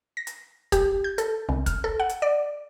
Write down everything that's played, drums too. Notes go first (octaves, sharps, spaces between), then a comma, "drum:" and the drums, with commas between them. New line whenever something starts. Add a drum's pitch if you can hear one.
A#6
drum: hi-hat
G4, drum: kick, hi-hat
G6
A4, drum: hi-hat
C2
F6, drum: kick, hi-hat
A4
F#5
drum: hi-hat
D5